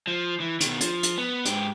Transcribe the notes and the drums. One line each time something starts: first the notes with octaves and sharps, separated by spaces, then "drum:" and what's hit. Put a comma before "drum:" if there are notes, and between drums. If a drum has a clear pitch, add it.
F3
E3
B2 D#3, drum: hi-hat
F3, drum: hi-hat
drum: hi-hat
B3
G#2 G4, drum: hi-hat